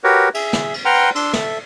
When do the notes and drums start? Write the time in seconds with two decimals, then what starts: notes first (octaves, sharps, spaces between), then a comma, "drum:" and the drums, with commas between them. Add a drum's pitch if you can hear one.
0.04 F#4 G4 A#4 B4 C#5
0.34 G#4 E5, drum: cymbal
0.53 drum: snare
0.74 drum: cymbal
0.85 B4 F#5 G5 A#5 C6 F6
0.95 drum: cymbal
1.15 D4 C6 E6, drum: cymbal
1.33 A4 E5, drum: snare